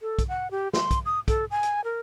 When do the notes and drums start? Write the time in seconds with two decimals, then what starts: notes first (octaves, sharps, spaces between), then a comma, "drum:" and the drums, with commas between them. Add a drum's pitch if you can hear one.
0.01 A4
0.19 drum: kick, hi-hat
0.28 F#5
0.51 G4
0.73 C6, drum: snare
0.91 drum: kick, hi-hat
1.06 D#6
1.28 A4, drum: kick, hi-hat
1.51 G#5
1.63 drum: hi-hat
1.84 A#4